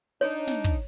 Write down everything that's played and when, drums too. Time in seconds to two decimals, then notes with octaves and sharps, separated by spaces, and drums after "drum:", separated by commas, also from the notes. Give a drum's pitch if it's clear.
0.21 D4 D#4 C#5
0.47 drum: snare
0.64 drum: kick